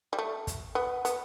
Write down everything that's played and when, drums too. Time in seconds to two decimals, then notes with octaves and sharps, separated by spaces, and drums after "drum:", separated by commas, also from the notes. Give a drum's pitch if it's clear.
0.13 G3
0.19 A3
0.47 drum: kick, hi-hat
0.75 B3
1.05 B3, drum: hi-hat